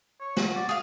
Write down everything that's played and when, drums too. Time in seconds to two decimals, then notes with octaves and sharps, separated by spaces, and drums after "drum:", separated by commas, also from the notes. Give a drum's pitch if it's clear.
0.20 C#5
0.37 F#4, drum: snare
0.56 D5
0.69 G#4 F5 D#6